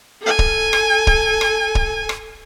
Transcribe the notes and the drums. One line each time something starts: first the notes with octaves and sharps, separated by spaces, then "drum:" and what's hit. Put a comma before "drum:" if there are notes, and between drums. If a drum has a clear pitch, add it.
A4 G#5
drum: kick
drum: rim click
drum: kick
drum: rim click
drum: kick
drum: rim click